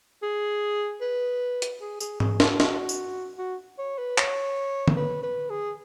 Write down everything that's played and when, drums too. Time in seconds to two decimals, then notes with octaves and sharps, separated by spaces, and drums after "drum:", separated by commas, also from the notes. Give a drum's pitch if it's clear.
0.23 G#4
1.01 B4
1.62 drum: hi-hat
1.81 G#4
2.00 G#4, drum: tambourine
2.20 G#4, drum: tom G#2
2.40 F#4, drum: snare
2.60 F#4, drum: snare
2.89 drum: tambourine
3.38 F#4
3.79 C#5
3.98 B4
4.18 C#5, drum: clap
4.88 drum: tom
4.97 B4
5.23 B4
5.50 G#4